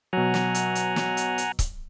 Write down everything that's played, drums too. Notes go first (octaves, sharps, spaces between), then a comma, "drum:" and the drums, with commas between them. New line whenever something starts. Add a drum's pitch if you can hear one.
B2 F#3 F#5 G#5 A#5
drum: snare
drum: hi-hat
drum: hi-hat
drum: snare
drum: hi-hat
drum: hi-hat
drum: kick C#1, hi-hat